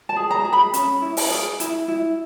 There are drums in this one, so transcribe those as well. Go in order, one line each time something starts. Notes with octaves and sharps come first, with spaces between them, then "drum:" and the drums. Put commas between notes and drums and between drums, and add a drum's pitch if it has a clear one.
A5
G#4
A#5
G#4
B5
C#4, drum: hi-hat
E4
drum: open hi-hat
G#4
E4, drum: hi-hat
E4